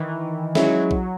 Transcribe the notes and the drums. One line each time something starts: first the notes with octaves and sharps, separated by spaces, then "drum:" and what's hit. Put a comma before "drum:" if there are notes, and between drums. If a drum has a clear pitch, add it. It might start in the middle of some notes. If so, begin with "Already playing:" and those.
Already playing: D#3 E3
F#3 G#3 C#4 E4 G#4, drum: snare
drum: kick